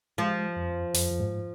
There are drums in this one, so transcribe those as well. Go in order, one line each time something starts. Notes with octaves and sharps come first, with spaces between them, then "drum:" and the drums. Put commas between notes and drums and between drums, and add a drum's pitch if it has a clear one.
F3 G#3
F2
F2, drum: open hi-hat
F2
G#2